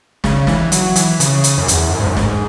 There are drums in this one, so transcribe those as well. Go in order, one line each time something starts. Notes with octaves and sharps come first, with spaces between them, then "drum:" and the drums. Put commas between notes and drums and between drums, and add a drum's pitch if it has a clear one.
C#3, drum: snare
E3, drum: snare
F#3, drum: hi-hat
E3, drum: hi-hat
C#3, drum: hi-hat
drum: hi-hat
F#2
E2, drum: hi-hat
F#2
G#2
F#2
G#2, drum: snare